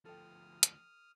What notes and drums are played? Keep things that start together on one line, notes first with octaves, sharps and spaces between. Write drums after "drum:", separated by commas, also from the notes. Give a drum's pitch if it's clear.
D2 F3 A4 G5 D#6 F6
drum: hi-hat